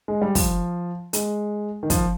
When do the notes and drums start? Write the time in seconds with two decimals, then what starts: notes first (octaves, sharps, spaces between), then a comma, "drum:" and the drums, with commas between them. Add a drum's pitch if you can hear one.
0.08 G#3
0.22 G3
0.35 F3, drum: kick, open hi-hat
1.13 G#3, drum: hi-hat
1.83 D#3
1.90 F3, drum: kick, hi-hat